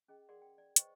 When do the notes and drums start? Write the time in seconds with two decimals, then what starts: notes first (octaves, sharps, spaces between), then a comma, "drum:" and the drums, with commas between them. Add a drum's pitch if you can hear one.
0.08 C#4 G#4 D#5 G5
0.29 G#4 A#4 D5 F#5 C6
0.42 G5
0.58 D5
0.76 B4 C5 D#5 G5 C#6, drum: hi-hat